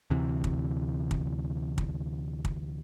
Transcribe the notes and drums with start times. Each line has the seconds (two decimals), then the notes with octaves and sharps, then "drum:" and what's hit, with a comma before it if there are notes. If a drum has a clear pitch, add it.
0.10 D2 C3 E3
0.44 drum: kick
1.11 drum: kick
1.78 drum: kick
2.45 drum: kick